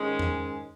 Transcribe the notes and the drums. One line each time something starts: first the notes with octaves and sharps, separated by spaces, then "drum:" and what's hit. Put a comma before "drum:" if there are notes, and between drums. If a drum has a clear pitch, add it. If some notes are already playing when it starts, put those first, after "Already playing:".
Already playing: G#2 D#3 G#3 C#4
drum: tom E2